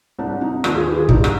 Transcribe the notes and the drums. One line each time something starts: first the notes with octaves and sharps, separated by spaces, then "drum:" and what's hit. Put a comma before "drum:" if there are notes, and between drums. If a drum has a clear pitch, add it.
C2 D4
C3 D#4
D#2 D4 F4, drum: rim click
F4 G#4
D#3 G4 B4
F4 G#4
G2 D#4 G4, drum: kick
drum: rim click